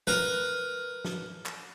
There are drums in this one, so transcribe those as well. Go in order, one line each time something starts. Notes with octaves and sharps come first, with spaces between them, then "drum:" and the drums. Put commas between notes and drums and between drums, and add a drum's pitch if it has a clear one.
A#4 B4, drum: snare
drum: snare
drum: clap